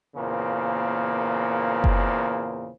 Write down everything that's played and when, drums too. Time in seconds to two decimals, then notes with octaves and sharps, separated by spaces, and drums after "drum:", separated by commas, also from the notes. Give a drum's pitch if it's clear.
0.16 E2 A#2 C#3 A#3 C4
1.84 drum: kick F#1